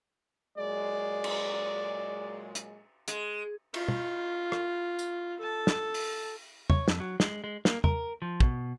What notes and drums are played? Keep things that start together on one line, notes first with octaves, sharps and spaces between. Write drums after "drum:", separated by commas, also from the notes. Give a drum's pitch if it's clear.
A#2 F#3 G#3 D5
drum: cymbal
drum: hi-hat
G#3, drum: hi-hat
F4, drum: cymbal
drum: tom
drum: rim click
drum: tambourine
A4 A5
drum: snare
drum: open hi-hat
C#5, drum: tom
F2, drum: snare
F#3
G#3, drum: snare
G#3
A#3, drum: snare
A#4, drum: tom
F3
B2, drum: kick